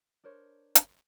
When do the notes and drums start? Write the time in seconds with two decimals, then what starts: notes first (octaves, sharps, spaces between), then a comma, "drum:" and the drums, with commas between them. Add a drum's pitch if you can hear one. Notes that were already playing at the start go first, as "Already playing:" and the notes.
0.24 D4 A#4 C5 C#5
0.75 drum: hi-hat